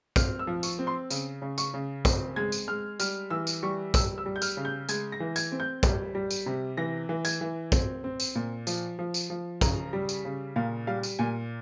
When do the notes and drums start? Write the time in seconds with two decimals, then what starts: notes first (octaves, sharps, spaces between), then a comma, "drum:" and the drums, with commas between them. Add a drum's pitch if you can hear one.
0.16 C4 F6, drum: kick, tambourine
0.39 E6
0.47 F3
0.63 C#6, drum: tambourine
0.79 C4
0.87 C6
1.11 C#3, drum: tambourine
1.42 C#3
1.58 C#6, drum: tambourine
1.74 C#3
2.05 C4, drum: kick, tambourine
2.36 G#3 G#6
2.52 drum: tambourine
2.68 G#3 F6
3.00 G3 F6, drum: tambourine
3.30 E3 E6
3.47 drum: tambourine
3.63 G3 C#6
3.94 G3 E6, drum: kick, tambourine
4.18 E6
4.26 G3
4.36 G6
4.42 F6, drum: tambourine
4.57 C#3
4.65 G6
4.89 G#3 G#6, drum: tambourine
5.12 A#6
5.20 E3
5.36 G#6, drum: tambourine
5.52 C4
5.60 G6
5.83 G3, drum: kick, tambourine
6.15 G3
6.31 drum: tambourine
6.46 C3
6.77 E3 A#6
7.09 E3
7.25 G#6, drum: tambourine
7.41 E3
7.72 C4, drum: kick, tambourine
8.04 C4
8.20 drum: tambourine
8.35 A#2
8.67 F3, drum: tambourine
8.99 F3
9.14 drum: tambourine
9.30 F3
9.61 C#3 A#5, drum: kick, tambourine
9.93 G3
10.09 drum: tambourine
10.25 C#3
10.56 A#2 F5
10.87 G3 F5
11.03 drum: tambourine
11.19 A#2 G#5